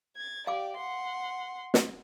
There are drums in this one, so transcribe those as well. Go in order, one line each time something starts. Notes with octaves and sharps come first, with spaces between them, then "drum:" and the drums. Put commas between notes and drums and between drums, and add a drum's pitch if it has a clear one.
G#6 A6
G4 D5 F5 D6
F#5 C6
drum: snare